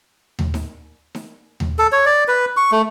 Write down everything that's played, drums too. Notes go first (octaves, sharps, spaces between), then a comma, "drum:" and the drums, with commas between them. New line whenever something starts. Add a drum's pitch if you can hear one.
drum: tom D#2
drum: snare D#4
drum: snare D#4
drum: tom D#2
A4
C#5
D5
B4
C#6
A3